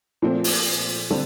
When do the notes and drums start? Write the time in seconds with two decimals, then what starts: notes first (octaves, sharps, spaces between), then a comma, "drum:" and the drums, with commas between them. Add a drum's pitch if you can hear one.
0.22 A#2 F3 A3 C4
0.44 drum: open hi-hat
1.10 D3 G3 C4 A4